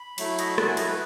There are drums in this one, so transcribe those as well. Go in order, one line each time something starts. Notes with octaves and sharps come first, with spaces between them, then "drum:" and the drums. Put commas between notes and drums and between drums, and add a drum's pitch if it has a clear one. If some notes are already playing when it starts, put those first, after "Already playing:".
Already playing: B5
F#3 A3 E4, drum: cymbal
D#5, drum: cymbal
E5
F#5, drum: rim click
G#5
D#5, drum: cymbal
B4